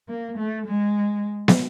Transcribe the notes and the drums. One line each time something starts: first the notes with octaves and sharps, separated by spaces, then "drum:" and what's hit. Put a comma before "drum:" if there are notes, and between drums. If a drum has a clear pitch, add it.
A#3
A3
G#3
drum: snare